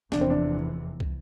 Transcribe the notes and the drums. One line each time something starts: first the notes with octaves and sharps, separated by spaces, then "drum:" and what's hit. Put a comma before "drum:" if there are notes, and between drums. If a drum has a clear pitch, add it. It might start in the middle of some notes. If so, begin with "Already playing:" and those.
F1 E2 C3 E3 D4, drum: snare
C4
D4
drum: kick